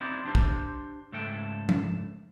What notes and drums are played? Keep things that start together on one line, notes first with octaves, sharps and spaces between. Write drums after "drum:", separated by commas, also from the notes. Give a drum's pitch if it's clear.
C4 D#4 E4 G4 C5 D5
D4 G4 C5
drum: kick
C#2 G#2 A3 A4 G5
drum: tom F3